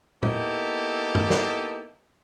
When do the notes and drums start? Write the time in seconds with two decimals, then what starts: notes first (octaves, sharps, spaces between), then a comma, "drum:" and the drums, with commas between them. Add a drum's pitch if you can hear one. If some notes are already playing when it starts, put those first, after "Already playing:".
0.23 A#3 B3 D#4 E4 G4 A4, drum: tom
1.15 drum: tom G2
1.30 drum: snare